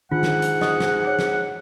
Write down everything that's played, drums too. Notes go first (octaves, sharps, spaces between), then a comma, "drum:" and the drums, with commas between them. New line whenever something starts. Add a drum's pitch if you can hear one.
G#2 D#3 D4 F4 F#5
drum: snare
drum: hi-hat
D#5 C#6 D#6, drum: snare
drum: snare
G#4 C#5
drum: snare